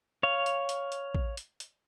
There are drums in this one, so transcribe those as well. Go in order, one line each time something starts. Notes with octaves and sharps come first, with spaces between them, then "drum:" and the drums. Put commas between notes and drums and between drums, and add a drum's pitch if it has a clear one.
C#5 F5
drum: hi-hat
drum: hi-hat
drum: hi-hat
drum: kick
drum: hi-hat
drum: hi-hat